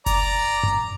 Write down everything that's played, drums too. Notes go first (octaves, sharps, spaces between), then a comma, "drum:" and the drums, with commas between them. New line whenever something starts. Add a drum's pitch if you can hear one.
D5 A#5, drum: kick F#1, hi-hat
drum: tom F#2